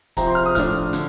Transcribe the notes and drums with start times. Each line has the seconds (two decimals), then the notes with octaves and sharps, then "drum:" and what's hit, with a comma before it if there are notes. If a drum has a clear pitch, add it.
0.17 C3 F3 C4 A#5, drum: kick, hi-hat
0.26 C6
0.35 F6
0.46 D#6
0.55 A2 F3 A3 D4 F6, drum: kick, hi-hat
0.93 D3, drum: hi-hat